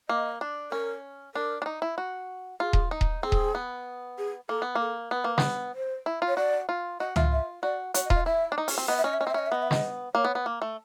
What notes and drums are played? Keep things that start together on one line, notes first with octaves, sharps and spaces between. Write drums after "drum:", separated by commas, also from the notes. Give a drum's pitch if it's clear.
A#3 D#5
D4
C#4 A#4
D4 A#4
D4
D#4
E4
F#4
F4 G#4
drum: kick D#1
D#4
drum: kick D#1
C4 G#4
drum: kick D#1
B3
G#4
A#3 A4
B3
A#3 A4
B3 B4
A#3
B3, drum: snare
C5
E4
F4
C#5
F#4 D5
F4
F#4 D#5
F4 E5, drum: tom
E5
F#4 D5
F#4 C#5, drum: hi-hat
D#5
F4, drum: kick D#1
D#5
E4 E5
D4
D#4
C#4, drum: open hi-hat
C4
B3 D#5
E5
C#4 D#5
E5
C#4 D#5
C4
E5
C#4 D#5
E5
B3 D#5
E5
D#5, drum: snare
A#3 C#5
B3
B3
A#3
A3